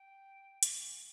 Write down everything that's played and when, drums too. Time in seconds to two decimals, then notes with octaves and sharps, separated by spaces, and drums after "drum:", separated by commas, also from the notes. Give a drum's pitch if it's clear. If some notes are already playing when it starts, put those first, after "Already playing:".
Already playing: G5
0.63 drum: hi-hat